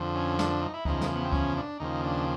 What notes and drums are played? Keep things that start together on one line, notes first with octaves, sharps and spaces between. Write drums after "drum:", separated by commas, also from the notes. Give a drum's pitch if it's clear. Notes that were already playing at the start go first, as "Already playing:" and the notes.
Already playing: F2 D3 F3
C#4
D4, drum: snare
D4
D#4
E4
E2 C#3 F3 D#4, drum: kick C#2
drum: snare
B3
C4
C#4, drum: kick C#2
D4
D#2 C#3 F3 D#4
D4